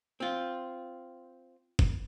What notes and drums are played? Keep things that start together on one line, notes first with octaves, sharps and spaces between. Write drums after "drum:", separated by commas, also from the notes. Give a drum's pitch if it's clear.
C4 F4
drum: kick